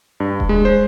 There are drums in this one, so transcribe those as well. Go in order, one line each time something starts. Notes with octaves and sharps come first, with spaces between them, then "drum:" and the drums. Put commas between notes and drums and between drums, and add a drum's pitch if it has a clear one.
G2
drum: kick D#1
G#3
C5